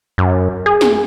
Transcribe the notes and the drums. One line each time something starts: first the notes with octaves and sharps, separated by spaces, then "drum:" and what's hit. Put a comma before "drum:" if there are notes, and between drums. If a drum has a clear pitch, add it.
F#2
G#4
drum: snare